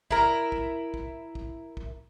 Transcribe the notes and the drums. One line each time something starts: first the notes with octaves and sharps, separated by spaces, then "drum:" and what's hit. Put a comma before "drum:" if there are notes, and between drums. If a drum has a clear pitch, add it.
E4 A#4, drum: kick
drum: kick
drum: kick
drum: kick
drum: kick